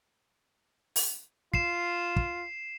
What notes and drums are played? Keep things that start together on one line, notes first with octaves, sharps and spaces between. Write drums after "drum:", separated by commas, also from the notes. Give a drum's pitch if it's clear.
drum: open hi-hat
F4 C7 E7, drum: kick
drum: kick